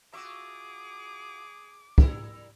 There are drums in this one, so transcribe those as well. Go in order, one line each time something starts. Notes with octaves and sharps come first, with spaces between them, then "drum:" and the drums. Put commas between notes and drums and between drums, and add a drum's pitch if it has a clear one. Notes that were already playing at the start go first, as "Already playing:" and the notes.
F4 F#4 G#4 E5 D6
G3 E4 A#4, drum: kick